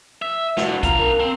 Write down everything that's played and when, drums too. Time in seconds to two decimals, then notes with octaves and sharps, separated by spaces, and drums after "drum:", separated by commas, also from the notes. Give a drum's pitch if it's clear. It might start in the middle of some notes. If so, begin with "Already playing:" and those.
0.22 E5
0.57 G2 F#4, drum: snare
0.83 D4 F4 A#5, drum: kick, hi-hat
0.98 A#3
1.20 C4